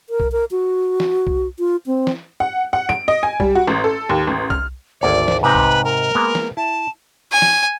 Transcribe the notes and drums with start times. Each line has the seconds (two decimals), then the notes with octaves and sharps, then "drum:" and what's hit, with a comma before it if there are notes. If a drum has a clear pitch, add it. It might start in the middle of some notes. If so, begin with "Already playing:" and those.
0.10 A#4
0.20 drum: kick B1
0.32 A#4
0.51 F#4
1.00 drum: snare
1.27 drum: kick B1
1.59 F4
1.86 C4
2.07 drum: snare
2.40 F#5
2.73 F#5
2.89 D7
3.08 D#5
3.23 G#5
3.40 G3, drum: kick B1
3.55 F#4
3.67 A1
3.84 A4
4.09 D#2
4.27 A1
4.50 F6, drum: kick B1
5.01 G#1 D2 C#5 D5
5.28 drum: snare
5.43 G#2 C3 D#4 B4
5.55 drum: kick B1
5.84 A#4
6.15 G#3 A#3 B3
6.35 drum: snare
6.57 E4 A5
7.32 G#5
7.42 drum: snare